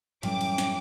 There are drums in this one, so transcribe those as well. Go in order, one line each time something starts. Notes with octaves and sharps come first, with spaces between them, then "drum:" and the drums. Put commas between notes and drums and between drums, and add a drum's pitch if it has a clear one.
F#2 A2 E3 G3 A3 C#4 G5 D6, drum: cymbal
drum: cymbal
drum: snare